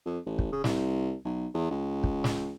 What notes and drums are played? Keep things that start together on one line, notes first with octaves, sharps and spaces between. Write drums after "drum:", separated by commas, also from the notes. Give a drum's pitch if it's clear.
F2
A1
drum: kick
C#3
C2, drum: snare
B1
E2
C#2
drum: kick
drum: snare